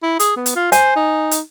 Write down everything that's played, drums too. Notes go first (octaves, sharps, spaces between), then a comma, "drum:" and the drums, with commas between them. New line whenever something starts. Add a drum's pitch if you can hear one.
E4
G#4, drum: hi-hat
B3
drum: hi-hat
F4
C5 G#5, drum: hi-hat
D#4
drum: hi-hat